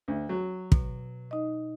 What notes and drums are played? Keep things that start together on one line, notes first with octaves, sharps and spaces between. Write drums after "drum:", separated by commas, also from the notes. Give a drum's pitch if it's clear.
D2
F#3
B2, drum: kick
D#4 D#5